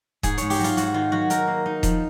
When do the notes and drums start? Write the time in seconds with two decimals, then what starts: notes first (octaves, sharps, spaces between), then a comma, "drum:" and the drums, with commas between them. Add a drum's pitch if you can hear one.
0.23 G#2 G#4, drum: kick D#1, hi-hat
0.38 G#2 C#5, drum: hi-hat
0.50 G4, drum: open hi-hat
0.59 F#3
0.64 F4, drum: hi-hat
0.77 G#2 F#4, drum: hi-hat
0.94 D#3 F4
1.12 F#3 F#4
1.30 D#4 A#4, drum: hi-hat
1.48 A#3
1.66 D#4
1.83 F3, drum: kick D#1, hi-hat